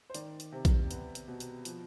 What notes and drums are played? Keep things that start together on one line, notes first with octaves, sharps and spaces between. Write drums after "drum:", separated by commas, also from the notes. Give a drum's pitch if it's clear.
C5
D#3 D5, drum: hi-hat
drum: hi-hat
C3
drum: kick A#1, hi-hat
B3, drum: hi-hat
drum: hi-hat
B2
drum: hi-hat
F3, drum: hi-hat